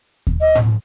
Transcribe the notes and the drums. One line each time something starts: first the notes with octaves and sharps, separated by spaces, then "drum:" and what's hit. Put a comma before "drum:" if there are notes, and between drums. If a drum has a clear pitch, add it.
drum: kick D#2
D#5
drum: tom A2